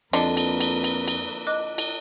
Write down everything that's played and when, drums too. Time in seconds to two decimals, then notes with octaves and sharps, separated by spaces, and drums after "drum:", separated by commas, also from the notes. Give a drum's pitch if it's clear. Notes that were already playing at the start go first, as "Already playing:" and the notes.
0.13 F2 D3 A#3 A#4 B4 D#5, drum: cymbal
0.37 drum: cymbal
0.60 drum: cymbal
0.84 drum: cymbal
1.08 drum: cymbal
1.47 D#5 D6 F#6
1.78 drum: cymbal